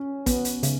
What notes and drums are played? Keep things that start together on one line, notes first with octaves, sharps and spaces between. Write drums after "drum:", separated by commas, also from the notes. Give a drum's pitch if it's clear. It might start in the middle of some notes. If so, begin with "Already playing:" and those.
Already playing: C#4
B3, drum: kick, hi-hat
drum: hi-hat
C#3, drum: hi-hat